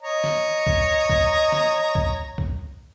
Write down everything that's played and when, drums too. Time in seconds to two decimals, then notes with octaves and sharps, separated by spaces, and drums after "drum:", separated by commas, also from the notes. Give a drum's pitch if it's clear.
0.02 C#5 D#5 A#5
0.24 drum: snare
0.67 drum: kick B1
1.09 drum: kick B1
1.52 drum: snare
1.95 drum: kick B1
2.38 drum: kick B1